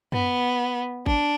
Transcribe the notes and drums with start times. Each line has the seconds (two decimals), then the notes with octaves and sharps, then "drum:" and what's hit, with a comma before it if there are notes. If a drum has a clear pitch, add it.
0.12 B3, drum: tom F#2
1.06 D4, drum: kick G#1